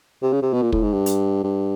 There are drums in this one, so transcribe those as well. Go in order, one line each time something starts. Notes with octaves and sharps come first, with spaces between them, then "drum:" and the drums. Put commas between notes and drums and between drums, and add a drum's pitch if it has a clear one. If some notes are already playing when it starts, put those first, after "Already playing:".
C3
C#3
C3
B2
A#2
A2, drum: kick
G#2
G2
drum: hi-hat
G2